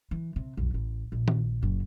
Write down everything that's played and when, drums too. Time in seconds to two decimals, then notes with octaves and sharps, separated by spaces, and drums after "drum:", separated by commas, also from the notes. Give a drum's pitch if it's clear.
0.11 E3
0.36 C3
0.57 B1 F2
0.74 A1
1.12 A#1
1.28 drum: tom D#3
1.62 F#1 F#2